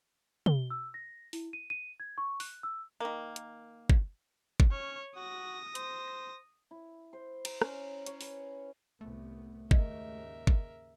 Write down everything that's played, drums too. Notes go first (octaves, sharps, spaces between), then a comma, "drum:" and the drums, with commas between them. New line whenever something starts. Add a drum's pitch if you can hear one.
G7, drum: tom
E6
A#6
E4, drum: open hi-hat
D#7
D#7
G#6
C#6
F#6, drum: open hi-hat
E6
D#3 A#3
drum: hi-hat
drum: kick
drum: kick
C#4 C#5
F#4 D#6 A#6
C5, drum: hi-hat
E4
C5
A#5, drum: cymbal
C#4, drum: rim click
C#5, drum: hi-hat
B4, drum: open hi-hat
C2 A2 A3 B3
D#2 G#2 C#3 A#4 D#5 E5, drum: kick
drum: kick